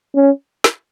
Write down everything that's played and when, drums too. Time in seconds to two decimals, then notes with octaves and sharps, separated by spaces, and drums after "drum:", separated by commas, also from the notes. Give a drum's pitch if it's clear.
0.16 C#4
0.64 drum: snare